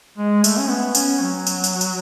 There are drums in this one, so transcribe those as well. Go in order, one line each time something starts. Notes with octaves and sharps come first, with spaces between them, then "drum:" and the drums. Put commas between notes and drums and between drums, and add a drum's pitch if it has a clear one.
G#3
A3, drum: tambourine
C#4
B3
C#4, drum: tambourine
F#3
drum: tambourine
drum: tambourine
drum: tambourine